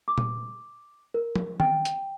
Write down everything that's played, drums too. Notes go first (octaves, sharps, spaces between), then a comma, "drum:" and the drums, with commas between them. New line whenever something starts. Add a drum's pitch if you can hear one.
D6
drum: tom A#2
A#4
drum: tom F3
G5, drum: tom D#3
drum: hi-hat